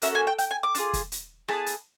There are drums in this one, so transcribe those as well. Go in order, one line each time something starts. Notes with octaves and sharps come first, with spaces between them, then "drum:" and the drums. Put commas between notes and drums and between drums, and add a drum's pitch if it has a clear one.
A#3 C#4 F#4 A4 E5, drum: hi-hat
G#5
G5
G5, drum: hi-hat
G#5
D6
D4, drum: hi-hat
F4 G#4
drum: kick, hi-hat
drum: hi-hat
B3 E4 G#4 A5, drum: rim click
drum: hi-hat